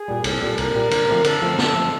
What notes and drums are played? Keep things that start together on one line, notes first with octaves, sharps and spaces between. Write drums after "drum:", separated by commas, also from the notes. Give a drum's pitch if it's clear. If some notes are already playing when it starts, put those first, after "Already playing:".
Already playing: G#4
A#2 G3
C2 A4, drum: cymbal
A#2 G3
C2 A#4, drum: cymbal
A#2 G3
D3, drum: cymbal
F3 A3 C4
D3 A4, drum: cymbal
F3 A3 C4
D3 A4, drum: snare
F3 A3 C4